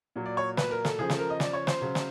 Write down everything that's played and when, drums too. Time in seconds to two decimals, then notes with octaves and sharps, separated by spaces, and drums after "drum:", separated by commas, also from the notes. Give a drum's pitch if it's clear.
0.16 A#2 F#3
0.26 D5
0.37 C#5
0.57 B4, drum: snare
0.71 A#4
0.85 A4, drum: snare
0.98 C#3 F3 G#4
1.10 A4, drum: snare
1.19 A#4
1.30 D#5
1.40 D5, drum: snare
1.53 C#5
1.67 C5, drum: snare
1.81 C#3 F#3
1.95 drum: snare